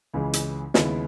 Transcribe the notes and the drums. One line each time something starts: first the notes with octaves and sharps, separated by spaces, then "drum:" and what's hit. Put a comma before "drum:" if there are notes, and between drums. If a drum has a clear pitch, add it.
C#2 C#3 E3 G#3
drum: hi-hat
D#2 C#3 G#3 B3 E4, drum: snare